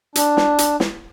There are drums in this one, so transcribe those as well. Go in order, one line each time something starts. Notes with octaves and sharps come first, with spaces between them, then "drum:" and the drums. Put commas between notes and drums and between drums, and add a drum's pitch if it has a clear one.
D4, drum: hi-hat
drum: snare
drum: hi-hat
drum: snare